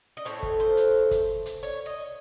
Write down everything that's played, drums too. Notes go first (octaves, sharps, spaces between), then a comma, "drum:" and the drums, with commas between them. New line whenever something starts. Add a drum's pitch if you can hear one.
D#5
A2 A3 C4 C#5
drum: kick
C5
drum: hi-hat
drum: kick, hi-hat
drum: hi-hat
C#5
D#5